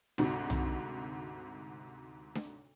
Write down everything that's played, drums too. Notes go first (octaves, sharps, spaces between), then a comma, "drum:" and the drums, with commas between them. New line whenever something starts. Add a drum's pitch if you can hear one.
D2 G#2 C3 F#4, drum: snare D4
drum: tom B1
drum: snare D4